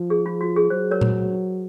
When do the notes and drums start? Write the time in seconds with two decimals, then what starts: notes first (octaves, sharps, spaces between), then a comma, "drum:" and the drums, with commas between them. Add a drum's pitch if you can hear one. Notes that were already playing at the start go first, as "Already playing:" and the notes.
Already playing: F3
0.10 G#4
0.26 F4
0.41 F#4
0.56 G#4
0.70 F#3 C5
0.91 A#4 C#5
1.01 drum: tom A#2